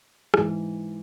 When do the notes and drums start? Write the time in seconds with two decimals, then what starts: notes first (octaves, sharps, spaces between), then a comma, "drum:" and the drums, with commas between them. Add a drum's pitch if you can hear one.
0.34 G#2 E3, drum: rim click